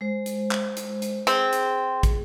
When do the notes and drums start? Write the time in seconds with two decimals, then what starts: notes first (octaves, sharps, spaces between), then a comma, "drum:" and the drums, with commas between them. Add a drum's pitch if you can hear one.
0.01 G#3 C5
0.26 drum: hi-hat
0.51 drum: clap
0.77 drum: hi-hat
1.02 drum: hi-hat
1.27 C4 G#4, drum: hi-hat
1.53 drum: hi-hat
2.03 drum: kick, hi-hat